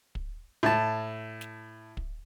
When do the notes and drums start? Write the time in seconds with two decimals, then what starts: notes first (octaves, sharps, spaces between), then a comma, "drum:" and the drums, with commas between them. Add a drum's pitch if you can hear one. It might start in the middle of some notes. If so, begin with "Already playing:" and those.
0.15 drum: kick
0.63 A2 A5
1.41 drum: snare
1.97 drum: kick